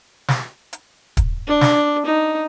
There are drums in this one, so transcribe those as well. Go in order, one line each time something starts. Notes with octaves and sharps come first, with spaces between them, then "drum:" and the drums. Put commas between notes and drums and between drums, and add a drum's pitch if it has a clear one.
drum: snare
drum: hi-hat
drum: kick, hi-hat
D4
drum: snare
D#4